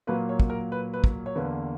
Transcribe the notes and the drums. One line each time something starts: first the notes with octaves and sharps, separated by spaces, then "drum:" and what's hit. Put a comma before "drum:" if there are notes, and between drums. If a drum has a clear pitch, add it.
A#2 F#3 A#3 B4
C#5
drum: kick
A#4
B4
B4
drum: kick
C#5
E2 D3 A#3 B4